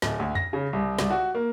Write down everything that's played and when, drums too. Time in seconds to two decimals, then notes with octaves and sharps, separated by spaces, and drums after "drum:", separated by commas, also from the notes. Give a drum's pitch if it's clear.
0.02 D1, drum: snare
0.19 D2
0.35 A#6, drum: tom F2
0.53 C#3
0.73 C2
0.99 C2, drum: snare
1.10 F#4
1.35 A#3